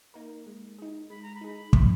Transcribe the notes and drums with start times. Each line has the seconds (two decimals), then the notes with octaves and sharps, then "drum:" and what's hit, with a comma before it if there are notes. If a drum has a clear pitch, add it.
0.14 A#3 D#4 A#4
0.46 G#3
0.78 D#4 G#4
1.10 G#3 B5
1.22 A#5
1.35 B5
1.41 D#4 G#4
1.73 C#3, drum: kick